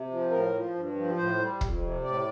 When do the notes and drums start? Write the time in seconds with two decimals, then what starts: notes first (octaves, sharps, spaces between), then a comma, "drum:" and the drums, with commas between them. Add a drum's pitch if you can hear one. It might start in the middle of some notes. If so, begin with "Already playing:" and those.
Already playing: C3
0.10 F3
0.30 A2 A#4
0.53 F3
0.75 G2
0.95 F3
1.17 A2 C5
1.39 G3
1.61 F2, drum: kick
1.83 C3
2.03 A2 D5